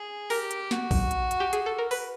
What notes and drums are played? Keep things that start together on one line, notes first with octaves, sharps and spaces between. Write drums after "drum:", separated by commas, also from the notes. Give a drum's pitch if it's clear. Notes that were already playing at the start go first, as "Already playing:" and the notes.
Already playing: G#4
G4 A#4, drum: open hi-hat
drum: hi-hat
F#4, drum: snare
drum: kick A#1, open hi-hat
drum: hi-hat
drum: hi-hat
G4
G#4, drum: hi-hat
A4
A#4
B4, drum: open hi-hat